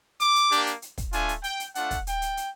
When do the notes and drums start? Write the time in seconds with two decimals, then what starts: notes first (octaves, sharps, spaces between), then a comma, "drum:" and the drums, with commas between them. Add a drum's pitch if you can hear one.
0.20 D6, drum: hi-hat
0.36 drum: hi-hat
0.52 A#3 D4 G4, drum: hi-hat
0.67 drum: hi-hat
0.82 drum: hi-hat
0.98 drum: kick, hi-hat
1.13 A3 D4 F4 G#5, drum: hi-hat
1.29 drum: hi-hat
1.44 G5, drum: hi-hat
1.60 drum: hi-hat
1.75 A3 D4 F4 F#5, drum: hi-hat
1.91 drum: kick, hi-hat
2.07 G5, drum: hi-hat
2.22 drum: hi-hat
2.37 drum: hi-hat